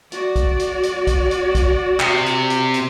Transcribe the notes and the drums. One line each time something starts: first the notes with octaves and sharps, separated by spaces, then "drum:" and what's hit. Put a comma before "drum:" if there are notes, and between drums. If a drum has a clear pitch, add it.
F#4 D5, drum: hi-hat
drum: kick, hi-hat
drum: hi-hat
drum: hi-hat
drum: kick, hi-hat
drum: hi-hat
drum: kick, hi-hat
C3, drum: clap
drum: hi-hat
drum: hi-hat
drum: hi-hat